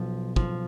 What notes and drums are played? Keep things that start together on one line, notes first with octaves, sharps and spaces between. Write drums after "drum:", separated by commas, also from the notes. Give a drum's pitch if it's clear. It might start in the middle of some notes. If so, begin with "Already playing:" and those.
Already playing: B1 F3
F3, drum: kick